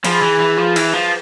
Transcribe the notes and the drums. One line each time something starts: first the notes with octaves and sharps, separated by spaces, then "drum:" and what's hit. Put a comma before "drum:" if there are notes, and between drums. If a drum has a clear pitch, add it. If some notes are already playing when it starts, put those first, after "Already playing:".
F3 G#4 B4, drum: cymbal
E3
E3
F3
E3, drum: cymbal
F3